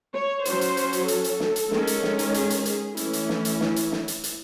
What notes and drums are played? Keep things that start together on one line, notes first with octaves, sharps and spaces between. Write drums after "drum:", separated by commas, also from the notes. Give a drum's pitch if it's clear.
C#5
F#3 C#4 C5, drum: hi-hat
drum: hi-hat
drum: hi-hat
drum: hi-hat
A4, drum: hi-hat
drum: hi-hat
drum: snare
drum: hi-hat
D#3 G#3 C#4, drum: snare
drum: hi-hat
drum: snare
drum: hi-hat
G#4, drum: hi-hat
drum: hi-hat
G#4, drum: hi-hat
E3 A3 C#4 E4, drum: hi-hat
drum: hi-hat
drum: snare
drum: hi-hat
drum: snare
drum: hi-hat
drum: snare
drum: hi-hat
drum: hi-hat